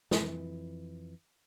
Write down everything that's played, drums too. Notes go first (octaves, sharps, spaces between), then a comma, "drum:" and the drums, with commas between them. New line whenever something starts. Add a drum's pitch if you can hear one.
F2 E3, drum: snare